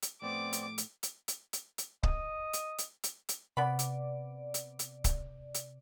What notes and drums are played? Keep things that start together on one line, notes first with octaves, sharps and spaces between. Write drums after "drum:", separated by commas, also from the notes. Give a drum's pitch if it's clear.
drum: hi-hat
A2 F3 A3 B3 C4 D5 D6
drum: hi-hat
drum: hi-hat
drum: hi-hat
drum: hi-hat
drum: hi-hat
drum: hi-hat
D#5, drum: kick C#1
drum: hi-hat
drum: hi-hat
drum: hi-hat
drum: hi-hat
C3 B3 D5 B5
drum: hi-hat
drum: hi-hat
drum: hi-hat
drum: kick C#1, hi-hat
drum: hi-hat